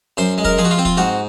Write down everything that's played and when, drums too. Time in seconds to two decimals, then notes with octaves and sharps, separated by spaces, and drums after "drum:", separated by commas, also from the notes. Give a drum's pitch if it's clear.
0.17 F#2 C5
0.38 G#3
0.45 A#4, drum: kick
0.58 F3 G#4
0.65 F#4
0.71 F4
0.78 C4
0.85 F4, drum: kick
0.97 G#2 F#4